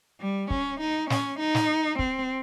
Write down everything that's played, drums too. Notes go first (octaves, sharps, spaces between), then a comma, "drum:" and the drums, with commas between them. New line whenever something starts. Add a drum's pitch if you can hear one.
G3
C#4, drum: kick
D#4
C#4, drum: snare
D#4
drum: snare
C4, drum: kick